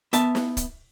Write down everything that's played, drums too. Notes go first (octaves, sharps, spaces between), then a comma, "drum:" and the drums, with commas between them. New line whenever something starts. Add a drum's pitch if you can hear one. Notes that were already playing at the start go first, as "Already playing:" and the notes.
B3 E5 A5, drum: hi-hat
drum: snare
drum: kick, hi-hat